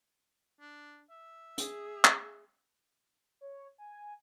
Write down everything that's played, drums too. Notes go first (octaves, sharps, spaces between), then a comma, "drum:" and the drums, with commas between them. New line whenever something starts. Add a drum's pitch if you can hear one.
D4
E5
G#4, drum: hi-hat
drum: clap
C#5
G#5